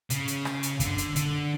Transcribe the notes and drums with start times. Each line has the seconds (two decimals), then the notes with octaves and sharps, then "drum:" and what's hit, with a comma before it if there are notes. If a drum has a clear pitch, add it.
0.10 C#3, drum: hi-hat
0.28 drum: hi-hat
0.45 drum: rim click
0.63 drum: hi-hat
0.80 D3, drum: kick F#2, hi-hat
0.98 drum: hi-hat
1.16 D3, drum: hi-hat